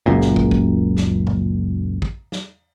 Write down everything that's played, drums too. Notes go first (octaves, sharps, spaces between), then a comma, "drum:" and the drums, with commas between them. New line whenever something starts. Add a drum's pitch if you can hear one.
F#1 C#2 F#2 A#2
drum: snare
drum: kick
drum: kick
drum: snare
drum: tom A2
drum: kick
drum: snare